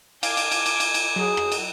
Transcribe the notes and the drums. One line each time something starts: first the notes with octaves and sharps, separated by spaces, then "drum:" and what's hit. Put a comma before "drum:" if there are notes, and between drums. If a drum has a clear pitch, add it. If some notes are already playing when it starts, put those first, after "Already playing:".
F5 G#5 D6 G6, drum: cymbal
drum: cymbal
drum: cymbal
drum: cymbal
drum: cymbal
drum: cymbal
F#3 G#4
drum: rim click
drum: cymbal